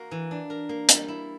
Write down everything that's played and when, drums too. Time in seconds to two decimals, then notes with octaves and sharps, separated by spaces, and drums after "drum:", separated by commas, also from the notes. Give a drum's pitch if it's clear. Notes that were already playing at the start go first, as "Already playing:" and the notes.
Already playing: A#3 F#4 A#4
0.11 E3
0.31 D4
0.50 A#4
0.69 A#3
0.89 G3, drum: hi-hat
1.08 E4